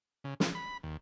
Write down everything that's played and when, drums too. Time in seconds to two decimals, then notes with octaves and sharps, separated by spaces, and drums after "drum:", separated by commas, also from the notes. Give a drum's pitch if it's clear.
0.24 C#3
0.40 F3, drum: snare
0.55 B5
0.83 D#2